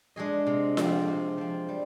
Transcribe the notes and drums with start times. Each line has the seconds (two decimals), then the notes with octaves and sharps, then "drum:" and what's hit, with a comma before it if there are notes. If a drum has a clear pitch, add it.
0.16 G#3 D4 G#4 D#5
0.47 C3
0.77 F3 C4, drum: snare F4
1.08 C3
1.38 F3 C4
1.69 G3